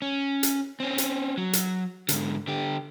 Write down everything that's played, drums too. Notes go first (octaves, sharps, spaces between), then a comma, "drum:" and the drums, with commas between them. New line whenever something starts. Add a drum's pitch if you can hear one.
C#4
drum: hi-hat
C4 C#4
drum: hi-hat
F#3
drum: hi-hat
G#2 D3, drum: hi-hat
D3 G4